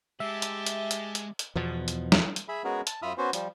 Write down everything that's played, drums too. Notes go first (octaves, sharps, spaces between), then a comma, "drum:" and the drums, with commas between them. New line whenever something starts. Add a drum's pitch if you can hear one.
G#3 G4 E5 A5
drum: hi-hat
drum: hi-hat
drum: hi-hat
drum: hi-hat
drum: hi-hat
E2 B2 F3
drum: hi-hat
drum: snare
drum: hi-hat
G#4 E5 B5
G#3 B3 C#4 F#4 G#4 A#4
A5, drum: hi-hat
F#2 F4 E5 B5 D#6 F6
B3 C#4 F#4 C5
F3 G3, drum: hi-hat